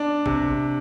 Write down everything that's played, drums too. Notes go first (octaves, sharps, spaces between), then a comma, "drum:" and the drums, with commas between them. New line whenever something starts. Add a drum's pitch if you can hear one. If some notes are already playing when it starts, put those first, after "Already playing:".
Already playing: D4
C3, drum: kick A1